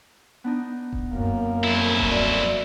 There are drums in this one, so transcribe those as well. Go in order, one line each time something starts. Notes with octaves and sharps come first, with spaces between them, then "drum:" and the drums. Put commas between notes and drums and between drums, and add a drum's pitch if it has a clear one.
B3 D4 D#4
drum: kick D#1
F#2 A#3
F2 E4
drum: kick D#1
F#4 D5 E5